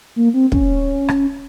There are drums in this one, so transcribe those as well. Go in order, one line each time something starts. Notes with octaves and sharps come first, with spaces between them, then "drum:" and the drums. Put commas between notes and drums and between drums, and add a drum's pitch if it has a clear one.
A#3
C4
C#4, drum: kick
drum: rim click